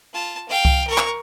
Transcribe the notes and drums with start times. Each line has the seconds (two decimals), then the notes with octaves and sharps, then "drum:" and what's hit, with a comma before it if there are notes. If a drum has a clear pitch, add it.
0.13 F4 A5
0.48 F5 G5
0.65 drum: kick C2
0.87 A#4 C#6
0.98 drum: clap